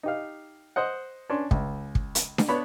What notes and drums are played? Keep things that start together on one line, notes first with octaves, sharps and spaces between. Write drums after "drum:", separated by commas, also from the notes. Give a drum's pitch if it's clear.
D#4 G4 F5
C5 D#5 F#5
C#4 D4 C6
C#2, drum: kick
drum: kick
drum: hi-hat
drum: snare D4
B3 D4 C#5 B5